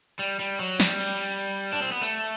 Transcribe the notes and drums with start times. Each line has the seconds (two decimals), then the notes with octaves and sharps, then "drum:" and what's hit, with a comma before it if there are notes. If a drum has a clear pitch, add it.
0.19 G3
0.40 G3
0.59 F#3
0.80 G3, drum: snare
1.00 drum: cymbal
1.73 D4
1.82 C4
1.92 B3
2.02 A3